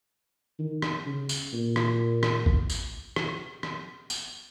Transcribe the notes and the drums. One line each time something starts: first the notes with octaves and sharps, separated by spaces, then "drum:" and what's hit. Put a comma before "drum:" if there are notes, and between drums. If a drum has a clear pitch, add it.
D#3
drum: rim click
C#3
drum: tambourine
A#2
drum: rim click
drum: rim click
drum: kick G#1
drum: tambourine
drum: rim click
drum: rim click
drum: tambourine